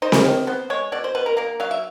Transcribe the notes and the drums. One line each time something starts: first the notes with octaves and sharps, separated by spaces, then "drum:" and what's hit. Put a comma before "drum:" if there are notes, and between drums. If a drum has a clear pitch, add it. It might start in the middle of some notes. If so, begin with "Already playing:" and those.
D#4 C5
drum: snare C4
D#3
B3 C5
G#3 C#5
B2 D5
C5
B2 B4
A#4
A#3 A#4
F#3 F5
E5